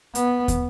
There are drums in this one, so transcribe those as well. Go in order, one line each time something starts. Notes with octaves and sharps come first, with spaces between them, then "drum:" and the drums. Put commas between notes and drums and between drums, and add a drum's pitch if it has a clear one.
B3, drum: hi-hat
drum: kick, hi-hat